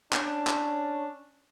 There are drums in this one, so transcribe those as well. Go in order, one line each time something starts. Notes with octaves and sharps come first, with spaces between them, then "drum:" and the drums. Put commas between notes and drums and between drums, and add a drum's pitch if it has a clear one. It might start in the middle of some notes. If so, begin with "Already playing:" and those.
C#4 D4, drum: clap
drum: clap